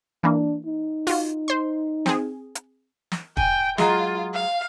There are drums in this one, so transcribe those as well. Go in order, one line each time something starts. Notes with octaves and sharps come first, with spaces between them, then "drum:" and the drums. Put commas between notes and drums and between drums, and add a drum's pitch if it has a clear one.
E3 A#3 D4
D#4
F4 F#4, drum: open hi-hat
C5 C6
C4 G#4, drum: snare
drum: hi-hat
drum: snare
G5 G#5, drum: kick
F#3 G#3 F4, drum: snare
F5